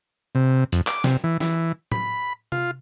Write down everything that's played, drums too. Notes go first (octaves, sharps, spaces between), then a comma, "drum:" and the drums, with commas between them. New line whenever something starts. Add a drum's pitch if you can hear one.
C3
F2, drum: hi-hat
D6, drum: clap
C3, drum: snare
E3
E3, drum: snare
B5, drum: tom A2
F4, drum: tom C3